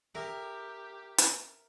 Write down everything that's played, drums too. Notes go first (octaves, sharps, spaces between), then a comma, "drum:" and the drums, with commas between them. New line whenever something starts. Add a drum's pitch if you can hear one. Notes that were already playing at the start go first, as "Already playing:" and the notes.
G4 A#4 E5
drum: hi-hat